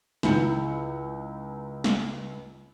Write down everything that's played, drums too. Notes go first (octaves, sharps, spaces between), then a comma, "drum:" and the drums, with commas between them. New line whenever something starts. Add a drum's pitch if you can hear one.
C#2 D#4 E4 G6 C#7, drum: snare
drum: snare